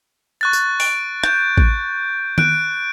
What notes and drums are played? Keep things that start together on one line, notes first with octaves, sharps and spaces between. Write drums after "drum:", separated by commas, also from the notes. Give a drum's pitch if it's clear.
C#6 F#6 A6
drum: tambourine
D7, drum: open hi-hat
G6, drum: rim click
drum: kick A1
F#6 D7, drum: tom D#3